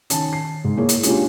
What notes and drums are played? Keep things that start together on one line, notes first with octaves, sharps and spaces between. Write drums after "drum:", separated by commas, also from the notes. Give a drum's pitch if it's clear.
D#3 C#4 A5, drum: hi-hat
C7
G#2
A#3 E4 G#4 C#5
drum: hi-hat
A#2 G#3 C#4 D4 F4 G4, drum: hi-hat